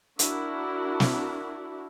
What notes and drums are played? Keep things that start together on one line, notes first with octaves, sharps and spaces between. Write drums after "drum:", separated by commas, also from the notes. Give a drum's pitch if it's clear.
D4 E4 F#4 A#4, drum: hi-hat
drum: snare